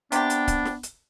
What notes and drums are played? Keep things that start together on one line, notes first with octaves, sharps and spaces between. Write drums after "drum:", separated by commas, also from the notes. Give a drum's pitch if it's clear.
C3 B3 D4 G4, drum: hi-hat
drum: hi-hat
drum: kick C#1, hi-hat
drum: snare
drum: hi-hat